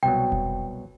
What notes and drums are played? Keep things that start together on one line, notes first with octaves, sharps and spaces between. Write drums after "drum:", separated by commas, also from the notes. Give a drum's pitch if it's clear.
C2 B2 F#3 G5
drum: kick F1